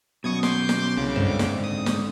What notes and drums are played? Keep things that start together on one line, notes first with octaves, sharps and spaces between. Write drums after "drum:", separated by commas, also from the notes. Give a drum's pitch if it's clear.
F#2 B2 C#6 D#6 G#6
C6 D6 G6, drum: snare
drum: snare
C2 C#3 D6
G#2 D3 C4, drum: tom F#2
drum: snare
D#6
drum: snare